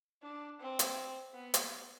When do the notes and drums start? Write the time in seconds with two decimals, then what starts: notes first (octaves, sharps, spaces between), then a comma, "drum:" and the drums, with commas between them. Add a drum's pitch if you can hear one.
0.23 D4
0.60 C4
0.79 drum: hi-hat
1.34 B3
1.54 drum: hi-hat